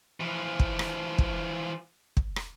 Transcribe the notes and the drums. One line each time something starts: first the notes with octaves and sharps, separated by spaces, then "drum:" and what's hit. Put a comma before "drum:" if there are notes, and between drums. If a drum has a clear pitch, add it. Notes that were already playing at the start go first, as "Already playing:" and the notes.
E3 F3
drum: kick
drum: rim click
drum: kick
drum: kick
drum: rim click